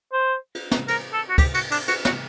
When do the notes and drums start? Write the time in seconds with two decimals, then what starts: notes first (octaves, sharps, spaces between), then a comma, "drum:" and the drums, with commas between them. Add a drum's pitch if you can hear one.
0.13 C5
0.55 drum: cymbal
0.71 drum: snare
0.88 A#4, drum: cymbal
1.13 A4
1.29 F#4
1.38 G4, drum: kick, cymbal
1.54 F#4, drum: cymbal
1.71 D4, drum: cymbal
1.88 F#4, drum: cymbal
2.05 F#4, drum: snare